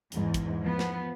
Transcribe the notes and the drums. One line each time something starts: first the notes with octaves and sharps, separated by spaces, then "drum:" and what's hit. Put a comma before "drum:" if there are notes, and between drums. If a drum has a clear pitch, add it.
E2 G#2 G#3, drum: hi-hat
drum: kick, hi-hat
F3 B3
drum: snare